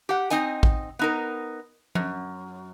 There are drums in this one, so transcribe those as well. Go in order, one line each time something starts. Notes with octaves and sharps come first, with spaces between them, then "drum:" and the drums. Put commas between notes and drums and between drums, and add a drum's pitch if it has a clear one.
G4 F#5
C4 D#4 D#5 G#5, drum: hi-hat
drum: kick A1
B3 D#4 A#4
F#2, drum: tom F3